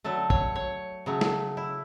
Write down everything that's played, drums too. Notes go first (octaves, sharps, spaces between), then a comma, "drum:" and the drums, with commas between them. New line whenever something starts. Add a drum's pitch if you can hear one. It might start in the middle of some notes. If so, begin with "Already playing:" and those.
D3 F#3 A3 A4
C#5, drum: kick
C#5
C#3 F#3 A3
drum: snare
E4